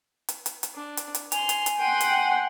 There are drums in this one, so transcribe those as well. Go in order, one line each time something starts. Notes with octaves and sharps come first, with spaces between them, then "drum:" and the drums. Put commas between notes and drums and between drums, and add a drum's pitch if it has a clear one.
drum: hi-hat
drum: hi-hat
drum: hi-hat
D4
drum: hi-hat
drum: hi-hat
G#5 C6 F7, drum: hi-hat
drum: hi-hat
drum: hi-hat
F#5 G5 C6 D#7
drum: hi-hat